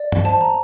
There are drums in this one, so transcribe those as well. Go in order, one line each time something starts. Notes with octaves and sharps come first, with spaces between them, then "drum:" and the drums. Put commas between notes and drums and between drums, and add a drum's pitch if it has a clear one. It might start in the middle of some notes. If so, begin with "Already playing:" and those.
Already playing: D5
drum: tom
C5 A5
A#5